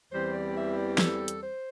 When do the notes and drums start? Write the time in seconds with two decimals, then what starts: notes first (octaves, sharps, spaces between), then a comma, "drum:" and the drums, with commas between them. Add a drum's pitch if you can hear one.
0.10 E2 E3 G3 C4 C5
0.33 D5
0.55 E5
0.77 D5
0.98 A4, drum: snare
1.28 drum: hi-hat
1.42 C5